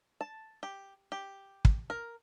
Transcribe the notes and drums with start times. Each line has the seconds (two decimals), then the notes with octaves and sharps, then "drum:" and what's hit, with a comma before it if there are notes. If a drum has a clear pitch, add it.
0.21 A5
0.63 G4
1.12 G4
1.65 drum: kick
1.90 A#4